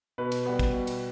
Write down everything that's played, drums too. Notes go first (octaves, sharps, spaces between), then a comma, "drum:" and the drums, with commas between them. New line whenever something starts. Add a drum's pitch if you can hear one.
B2 B4
drum: cymbal
G3 B3
drum: kick, cymbal
B2
drum: cymbal